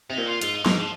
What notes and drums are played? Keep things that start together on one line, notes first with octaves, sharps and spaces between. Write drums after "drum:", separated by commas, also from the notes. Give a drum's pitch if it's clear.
C3 D#4
A#2
F4
G#2 F4, drum: hi-hat
D#4
G#2 A#3, drum: snare
F3